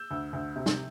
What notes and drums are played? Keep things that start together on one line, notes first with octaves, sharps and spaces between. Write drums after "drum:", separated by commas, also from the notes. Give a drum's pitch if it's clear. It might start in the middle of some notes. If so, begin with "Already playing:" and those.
Already playing: E6 G6
D2
D2
C3
drum: snare